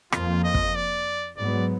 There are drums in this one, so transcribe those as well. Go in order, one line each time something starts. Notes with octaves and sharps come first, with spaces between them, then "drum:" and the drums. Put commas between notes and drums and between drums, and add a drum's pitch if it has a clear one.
F2 F3 A#3 F4, drum: rim click
D#5
drum: kick
D5
G#2 F#3 B3 D5